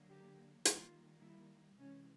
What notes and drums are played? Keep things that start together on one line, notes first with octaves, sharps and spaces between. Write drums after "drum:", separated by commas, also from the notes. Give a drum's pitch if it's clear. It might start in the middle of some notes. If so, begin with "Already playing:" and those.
Already playing: D3 F#3 A#3
G4
D#3 G3 A#3 F4, drum: hi-hat
E4
C3 E3 G#3 C#4